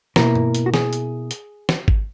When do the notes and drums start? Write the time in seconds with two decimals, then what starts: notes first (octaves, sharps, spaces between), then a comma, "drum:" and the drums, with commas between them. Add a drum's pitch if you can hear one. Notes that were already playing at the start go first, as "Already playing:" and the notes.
0.16 B2 A#3 E4 A#4, drum: snare
0.35 drum: tom G2
0.55 drum: hi-hat
0.66 F#4
0.74 G#4, drum: snare
0.93 drum: hi-hat
1.31 drum: hi-hat
1.69 drum: snare
1.88 drum: kick G#1